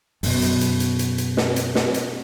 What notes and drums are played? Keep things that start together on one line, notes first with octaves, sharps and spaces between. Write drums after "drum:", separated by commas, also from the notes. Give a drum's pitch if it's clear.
F#2 B2, drum: open hi-hat
drum: hi-hat
drum: hi-hat
drum: hi-hat
drum: hi-hat
drum: hi-hat
drum: snare
drum: hi-hat
drum: snare
drum: hi-hat